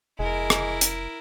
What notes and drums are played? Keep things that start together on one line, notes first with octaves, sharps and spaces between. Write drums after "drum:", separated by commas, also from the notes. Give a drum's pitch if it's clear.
F1 G#3 E4 A#4
drum: rim click
drum: hi-hat